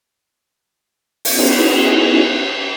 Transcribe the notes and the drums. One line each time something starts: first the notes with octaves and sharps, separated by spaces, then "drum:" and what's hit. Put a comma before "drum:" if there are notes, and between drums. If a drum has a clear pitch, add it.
B3 C#4 D#4 E4 F#4 G#4, drum: open hi-hat
drum: cymbal